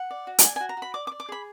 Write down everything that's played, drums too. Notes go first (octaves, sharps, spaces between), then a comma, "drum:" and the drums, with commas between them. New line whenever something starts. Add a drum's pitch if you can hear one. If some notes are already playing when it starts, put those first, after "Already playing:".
Already playing: F#5
D5
F#4
F#5, drum: hi-hat
D5 G#5
G#5
F#4
A#5
F#4
B5
D5 D6
D6
D5
D6
G#4 B5